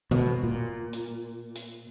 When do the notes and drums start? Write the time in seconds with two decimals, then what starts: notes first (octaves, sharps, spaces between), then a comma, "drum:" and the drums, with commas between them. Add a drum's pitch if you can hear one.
0.11 B2, drum: tom C#3
0.44 A#2
0.93 drum: hi-hat
1.55 drum: hi-hat